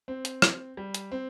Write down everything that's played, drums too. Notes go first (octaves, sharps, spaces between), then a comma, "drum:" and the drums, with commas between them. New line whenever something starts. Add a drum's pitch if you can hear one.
C4
drum: hi-hat
drum: rim click
G3
drum: hi-hat
C4